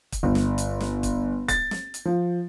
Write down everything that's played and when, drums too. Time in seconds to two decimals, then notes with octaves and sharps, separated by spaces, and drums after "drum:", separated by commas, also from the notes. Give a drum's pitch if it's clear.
0.12 drum: kick, hi-hat
0.23 G1
0.35 drum: snare
0.58 drum: hi-hat
0.80 drum: snare
1.03 drum: kick, hi-hat
1.48 A6, drum: kick, hi-hat
1.71 drum: snare
1.94 drum: hi-hat
2.05 F3